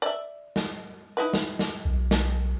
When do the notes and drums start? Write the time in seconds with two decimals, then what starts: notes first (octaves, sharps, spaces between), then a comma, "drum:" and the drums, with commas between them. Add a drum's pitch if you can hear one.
0.02 D5 E5
0.56 drum: snare
1.17 D#4 E4 B4
1.33 drum: snare
1.59 drum: snare
1.85 B1
2.11 drum: snare